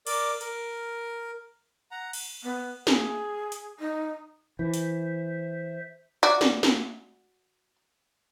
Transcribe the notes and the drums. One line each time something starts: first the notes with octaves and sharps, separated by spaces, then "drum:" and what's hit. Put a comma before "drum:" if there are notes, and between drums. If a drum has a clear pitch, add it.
A#4 D5 D6, drum: cymbal
A#4, drum: hi-hat
F#5 A#5
drum: cymbal
B3
G#4, drum: snare
drum: hi-hat
D#4
E3 C5 E5
drum: hi-hat
F#4 D5
drum: snare
drum: snare